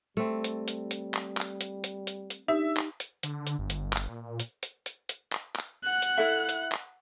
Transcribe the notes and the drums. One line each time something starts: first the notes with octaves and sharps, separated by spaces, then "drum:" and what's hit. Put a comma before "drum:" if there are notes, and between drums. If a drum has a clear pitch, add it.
G3 A3 C4
drum: hi-hat
drum: hi-hat
drum: hi-hat
drum: clap
drum: clap
drum: hi-hat
drum: hi-hat
drum: hi-hat
drum: hi-hat
D4 D#4 G4 E5
drum: clap
drum: hi-hat
D3, drum: hi-hat
drum: hi-hat
G1
drum: hi-hat
drum: clap
A#2
drum: hi-hat
drum: hi-hat
drum: hi-hat
drum: hi-hat
drum: clap
drum: clap
F#5 F#6
drum: hi-hat
E4 A4 E5
drum: hi-hat
drum: clap